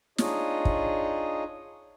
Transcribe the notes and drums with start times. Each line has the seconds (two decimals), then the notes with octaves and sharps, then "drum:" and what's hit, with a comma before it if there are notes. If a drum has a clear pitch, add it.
0.18 D4 D#4 F4 G#4 C#5 D#5, drum: snare
0.65 drum: kick